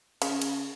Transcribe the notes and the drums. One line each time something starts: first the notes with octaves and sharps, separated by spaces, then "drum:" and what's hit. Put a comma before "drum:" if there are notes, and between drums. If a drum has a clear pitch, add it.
C#3, drum: cymbal
drum: cymbal